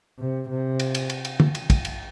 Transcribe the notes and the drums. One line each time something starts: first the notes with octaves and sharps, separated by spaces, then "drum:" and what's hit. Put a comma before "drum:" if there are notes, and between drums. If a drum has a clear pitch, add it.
C3
C3
drum: cymbal
drum: cymbal
drum: cymbal
drum: cymbal
drum: tom
drum: cymbal
drum: kick, cymbal
drum: cymbal